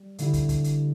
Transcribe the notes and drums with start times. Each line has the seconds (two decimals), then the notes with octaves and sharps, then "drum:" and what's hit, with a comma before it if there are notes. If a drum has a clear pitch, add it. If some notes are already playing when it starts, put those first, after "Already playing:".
Already playing: G3
0.18 D3 A3 E4 G4, drum: hi-hat
0.33 drum: kick, hi-hat
0.49 drum: kick, hi-hat
0.64 drum: hi-hat